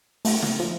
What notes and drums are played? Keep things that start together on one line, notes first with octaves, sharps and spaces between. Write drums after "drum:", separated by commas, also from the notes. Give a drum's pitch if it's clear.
A3, drum: open hi-hat
drum: snare
F3